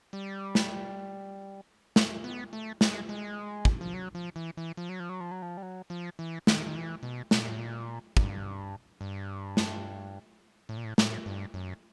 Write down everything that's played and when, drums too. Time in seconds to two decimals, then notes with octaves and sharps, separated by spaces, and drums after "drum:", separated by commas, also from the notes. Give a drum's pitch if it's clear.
0.13 G3
0.55 drum: snare
1.96 drum: snare
2.24 B3
2.53 A3
2.81 G#3, drum: snare
3.09 G#3
3.65 drum: kick
3.81 F3
3.94 F#3
4.15 F3
4.36 E3
4.57 E3
4.77 F3
4.89 F#3
5.00 F3
5.09 F#3
5.20 F3
5.31 F#3
5.42 F3
5.57 G3
5.62 F#3
5.90 F3
6.19 E3
6.47 D#3, drum: snare
6.67 D#3
6.76 E3
7.03 B2
7.31 B2, drum: snare
7.40 A#2
7.48 A2
7.58 A#2
8.17 G2, drum: kick
9.01 G2
9.57 drum: snare
10.69 A2
10.77 A#2
10.84 A2
10.98 A2, drum: snare
11.26 G2
11.54 F#2